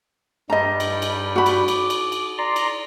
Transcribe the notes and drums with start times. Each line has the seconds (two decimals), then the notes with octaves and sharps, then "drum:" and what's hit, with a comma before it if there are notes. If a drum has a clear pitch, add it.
0.50 G2 G3 D#5 A#5
0.80 drum: cymbal
1.02 drum: cymbal
1.36 F#4 B5
1.46 drum: cymbal
1.68 D6, drum: cymbal
1.90 drum: cymbal
2.12 drum: cymbal
2.38 D5 A#5 C6
2.56 drum: cymbal